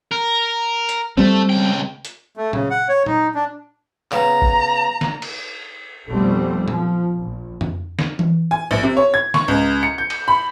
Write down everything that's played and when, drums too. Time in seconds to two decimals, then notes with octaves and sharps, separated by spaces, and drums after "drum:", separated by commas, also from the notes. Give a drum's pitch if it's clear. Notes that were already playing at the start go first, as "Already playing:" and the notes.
0.11 A#4
0.89 drum: hi-hat
1.17 G3 A3 C4
1.50 C#2 G5
2.05 drum: hi-hat
2.37 A3
2.53 C#3, drum: tom A#2
2.71 F#5
2.88 C#5
3.06 D#4, drum: tom A#2
3.35 D4
4.12 C#3 B3 A#5, drum: clap
4.42 drum: kick G1
5.01 drum: snare
5.22 drum: cymbal
6.09 F1 B2 G3 A3 C4
6.68 F3, drum: tom A#2
7.19 A#1
7.61 drum: tom F2
7.99 drum: snare
8.19 drum: tom E3
8.51 G#5
8.71 A#1
8.83 C3
8.97 C#5
9.14 G#6
9.34 C#6, drum: snare
9.48 C#2
9.83 C#7
9.98 G6
10.10 drum: cymbal
10.28 B5